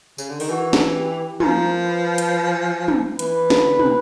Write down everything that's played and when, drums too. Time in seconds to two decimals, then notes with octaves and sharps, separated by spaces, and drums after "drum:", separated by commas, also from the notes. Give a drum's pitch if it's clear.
0.18 C#3, drum: tambourine
0.29 D3
0.40 D#3, drum: open hi-hat
0.49 E3 F#4
0.73 drum: snare
0.95 G4
1.40 F3 A#4, drum: tom
1.85 B4
2.18 drum: hi-hat
2.88 drum: tom
3.19 E3 B4, drum: hi-hat
3.50 drum: snare
3.65 D3
3.79 C3, drum: tom